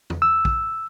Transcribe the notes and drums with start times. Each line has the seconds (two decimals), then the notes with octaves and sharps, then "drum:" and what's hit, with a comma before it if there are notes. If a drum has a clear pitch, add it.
0.10 drum: tom E2
0.22 E6
0.45 drum: kick